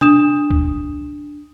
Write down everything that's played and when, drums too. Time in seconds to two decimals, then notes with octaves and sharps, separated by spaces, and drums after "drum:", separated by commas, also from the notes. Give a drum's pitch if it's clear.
0.01 D4 D#6 E7, drum: tom C3
0.50 drum: kick